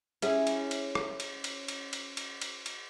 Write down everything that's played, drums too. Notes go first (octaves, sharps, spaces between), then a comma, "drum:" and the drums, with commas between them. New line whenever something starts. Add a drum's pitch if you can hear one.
C#4 E4 G#4, drum: cymbal
drum: cymbal
drum: cymbal
drum: rim click
drum: cymbal
drum: cymbal
drum: cymbal
drum: cymbal
drum: cymbal
drum: cymbal
drum: cymbal